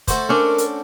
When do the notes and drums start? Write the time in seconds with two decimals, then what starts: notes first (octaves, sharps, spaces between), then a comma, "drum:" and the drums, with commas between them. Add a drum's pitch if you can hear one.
0.08 A3 F#4 C5, drum: kick, hi-hat
0.29 C#4 D4 A#4
0.58 drum: hi-hat